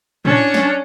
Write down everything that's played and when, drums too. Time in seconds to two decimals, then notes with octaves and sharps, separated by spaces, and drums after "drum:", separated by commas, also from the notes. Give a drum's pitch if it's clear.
0.25 C#4 D4, drum: tom A2
0.54 drum: snare